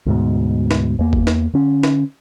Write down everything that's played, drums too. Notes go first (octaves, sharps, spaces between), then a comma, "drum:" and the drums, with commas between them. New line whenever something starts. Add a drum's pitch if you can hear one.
D2 G#2 B2
drum: snare
E2 A#3
drum: kick
drum: snare
D3 C#4
drum: snare